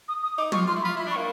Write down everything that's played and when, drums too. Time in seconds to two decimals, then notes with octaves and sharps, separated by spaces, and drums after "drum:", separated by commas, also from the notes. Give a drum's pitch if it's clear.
0.08 D#6
0.23 D#6
0.38 D#4 D6
0.52 F4 C#6, drum: tom
0.67 F4 C6
0.76 E4
0.82 B5
0.85 F4
0.96 E4 B5
1.07 D4
1.11 C#6
1.16 A#3